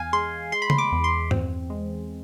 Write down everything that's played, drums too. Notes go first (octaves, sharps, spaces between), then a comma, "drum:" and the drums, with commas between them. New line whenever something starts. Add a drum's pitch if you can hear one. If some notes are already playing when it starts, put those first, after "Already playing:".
Already playing: E2 F5 G#5
G#3 C6
G#3 C6
B5
C6, drum: tom C#3
D6
E2
C6
C4, drum: tom G2
G#3